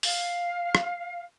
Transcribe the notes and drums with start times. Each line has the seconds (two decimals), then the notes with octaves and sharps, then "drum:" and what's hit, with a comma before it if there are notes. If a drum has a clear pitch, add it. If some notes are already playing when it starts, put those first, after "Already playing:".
0.03 F5, drum: open hi-hat
0.75 drum: rim click